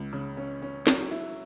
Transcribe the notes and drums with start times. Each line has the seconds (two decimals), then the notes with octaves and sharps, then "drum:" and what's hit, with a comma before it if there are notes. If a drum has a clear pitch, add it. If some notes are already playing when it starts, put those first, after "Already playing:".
Already playing: C#2
0.13 C#3
0.37 C#4
0.62 C#4
0.87 F#3, drum: snare
1.11 E4